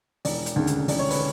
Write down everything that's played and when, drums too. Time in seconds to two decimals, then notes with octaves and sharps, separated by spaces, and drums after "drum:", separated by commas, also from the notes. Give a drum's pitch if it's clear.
0.25 E1 D5, drum: open hi-hat
0.46 drum: hi-hat
0.56 D2 C#3
0.67 drum: hi-hat
0.88 E1 D5, drum: open hi-hat
0.99 C#5
1.10 B4, drum: open hi-hat